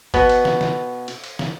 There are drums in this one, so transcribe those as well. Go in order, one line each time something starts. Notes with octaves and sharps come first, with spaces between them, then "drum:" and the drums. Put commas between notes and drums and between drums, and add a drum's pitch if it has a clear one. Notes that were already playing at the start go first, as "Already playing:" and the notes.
B2 B3, drum: kick G1, cymbal
drum: cymbal
drum: snare
drum: snare
drum: cymbal
drum: cymbal
drum: snare